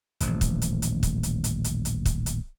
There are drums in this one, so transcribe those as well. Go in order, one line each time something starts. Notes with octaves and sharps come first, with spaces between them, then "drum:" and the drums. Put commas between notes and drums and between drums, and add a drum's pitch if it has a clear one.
D#1 A1 F3, drum: hi-hat
drum: kick, hi-hat
drum: hi-hat
drum: hi-hat
drum: kick, hi-hat
drum: hi-hat
drum: hi-hat
drum: hi-hat
drum: hi-hat
drum: kick, hi-hat
drum: hi-hat